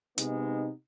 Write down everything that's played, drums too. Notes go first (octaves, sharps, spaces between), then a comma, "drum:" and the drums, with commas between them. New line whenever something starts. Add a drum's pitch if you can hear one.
C3 G#3 B3 D#4, drum: hi-hat